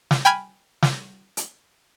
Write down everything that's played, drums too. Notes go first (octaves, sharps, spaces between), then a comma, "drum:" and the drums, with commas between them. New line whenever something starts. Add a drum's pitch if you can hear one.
drum: snare
G5 G#5 B5 F6 G#6
drum: snare
drum: hi-hat